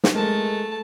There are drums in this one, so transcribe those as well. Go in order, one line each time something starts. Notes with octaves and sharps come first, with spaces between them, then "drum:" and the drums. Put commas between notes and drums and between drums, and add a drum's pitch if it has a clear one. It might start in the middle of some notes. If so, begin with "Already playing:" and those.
drum: snare
G#3 A3 A#4 A5